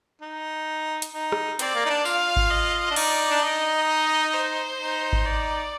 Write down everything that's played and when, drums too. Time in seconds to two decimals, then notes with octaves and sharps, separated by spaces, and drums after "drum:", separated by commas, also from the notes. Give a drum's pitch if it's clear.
0.22 D#4
1.02 drum: hi-hat
1.13 D#4
1.32 drum: rim click
1.59 C4 D5, drum: hi-hat
1.75 A#3
1.86 D#4
1.90 D4
2.05 F4 F5, drum: tambourine
2.36 drum: kick G#1
2.50 D#5
2.91 D4
2.96 D#4 D5, drum: cymbal
3.30 D4
3.42 D#4 D#5
3.87 D#5
4.34 C5
4.80 D#4
5.13 drum: kick G#1
5.25 D5